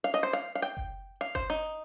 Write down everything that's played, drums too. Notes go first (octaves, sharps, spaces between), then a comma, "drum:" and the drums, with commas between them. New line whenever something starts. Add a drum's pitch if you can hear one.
F5
D#5
C5
F5
F5
G5
drum: kick F#1
F5
C5, drum: kick F#1
D#4